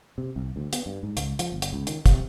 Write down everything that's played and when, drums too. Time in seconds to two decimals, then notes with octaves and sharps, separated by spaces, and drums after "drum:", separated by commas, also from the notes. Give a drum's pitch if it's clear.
0.18 C3
0.36 C2
0.56 D2
0.73 B3, drum: hi-hat
0.86 G2
1.03 G#2
1.17 C#2, drum: hi-hat
1.39 F3, drum: hi-hat
1.52 G1
1.62 drum: hi-hat
1.73 C#2
1.87 D#3, drum: hi-hat
2.06 C3, drum: kick, hi-hat